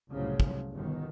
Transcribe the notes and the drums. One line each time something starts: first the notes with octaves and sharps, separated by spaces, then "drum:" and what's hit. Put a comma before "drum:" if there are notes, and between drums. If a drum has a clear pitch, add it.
C2 F#2 A2 C#3 F3 F#3
drum: kick
G1 B2 D#3